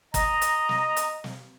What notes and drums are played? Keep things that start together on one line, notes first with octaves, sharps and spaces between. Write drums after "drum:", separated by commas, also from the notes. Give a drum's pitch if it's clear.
D#5 A#5, drum: kick G1, hi-hat
drum: hi-hat
drum: snare
drum: hi-hat
drum: snare